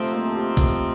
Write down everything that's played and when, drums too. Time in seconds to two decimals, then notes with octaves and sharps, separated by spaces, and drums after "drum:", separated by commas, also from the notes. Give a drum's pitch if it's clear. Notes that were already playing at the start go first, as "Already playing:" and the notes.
Already playing: C3 F3 A3 C4 D#4
0.13 A#3
0.27 A4
0.35 G4
0.57 drum: kick, hi-hat